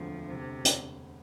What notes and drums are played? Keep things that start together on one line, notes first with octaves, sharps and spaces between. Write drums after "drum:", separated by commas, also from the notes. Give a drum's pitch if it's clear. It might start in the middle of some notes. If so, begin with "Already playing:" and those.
Already playing: E1 D2 D3 F3 A3 C4
C3
drum: hi-hat